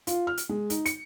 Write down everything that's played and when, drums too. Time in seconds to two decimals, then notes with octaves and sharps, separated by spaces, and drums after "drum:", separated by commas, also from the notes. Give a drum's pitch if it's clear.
0.07 F4, drum: hi-hat
0.27 F6
0.37 drum: hi-hat
0.49 G#3
0.70 D#4, drum: hi-hat
0.86 C#7, drum: hi-hat